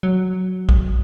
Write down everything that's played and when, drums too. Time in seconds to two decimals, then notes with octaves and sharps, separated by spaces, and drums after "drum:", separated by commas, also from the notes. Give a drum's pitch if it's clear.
0.03 F#3
0.69 drum: kick